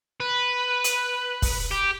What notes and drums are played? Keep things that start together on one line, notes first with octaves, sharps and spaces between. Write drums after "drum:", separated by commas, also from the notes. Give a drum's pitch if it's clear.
B4
drum: hi-hat
drum: kick, open hi-hat
G4